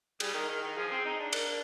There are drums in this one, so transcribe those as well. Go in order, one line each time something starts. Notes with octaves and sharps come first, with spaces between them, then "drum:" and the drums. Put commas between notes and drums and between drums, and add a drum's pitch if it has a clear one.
G3 G#4, drum: cymbal
D#3
D#3
D#3
F3 G#4
C4
D#4
D4
A#4, drum: cymbal